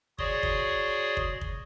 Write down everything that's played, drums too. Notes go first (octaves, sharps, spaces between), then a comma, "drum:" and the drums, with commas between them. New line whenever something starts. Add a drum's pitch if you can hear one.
F#4 G#4 C#5 D5 C6 D#6, drum: kick
drum: kick
drum: kick
drum: kick